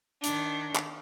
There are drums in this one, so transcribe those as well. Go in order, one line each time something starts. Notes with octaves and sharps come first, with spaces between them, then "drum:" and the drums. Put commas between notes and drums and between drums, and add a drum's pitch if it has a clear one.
D#3 D4, drum: hi-hat
drum: clap